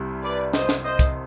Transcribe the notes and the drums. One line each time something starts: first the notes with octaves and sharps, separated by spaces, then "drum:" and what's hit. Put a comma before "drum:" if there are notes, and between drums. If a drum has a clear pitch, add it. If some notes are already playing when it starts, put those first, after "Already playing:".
Already playing: C2 C3 G3
B4 D5
C5 D#5, drum: snare
drum: snare
C5 D#5
drum: kick, hi-hat